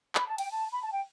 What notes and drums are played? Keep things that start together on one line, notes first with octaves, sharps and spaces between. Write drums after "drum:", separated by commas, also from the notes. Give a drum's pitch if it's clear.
B5, drum: clap
A5
G5, drum: cymbal
A5
B5
A5
G5